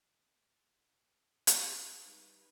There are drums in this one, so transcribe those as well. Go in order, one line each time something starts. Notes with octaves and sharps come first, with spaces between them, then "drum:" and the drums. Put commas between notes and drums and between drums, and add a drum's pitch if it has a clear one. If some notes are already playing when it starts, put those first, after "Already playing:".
drum: hi-hat
G3 D#4 B4